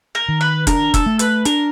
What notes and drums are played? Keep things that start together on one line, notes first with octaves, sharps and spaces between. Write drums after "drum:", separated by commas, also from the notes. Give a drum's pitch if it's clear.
A#4
D#3
B4
D4 A#4, drum: kick, hi-hat
A4, drum: kick, hi-hat
A3
B4, drum: hi-hat
D4 A#4, drum: hi-hat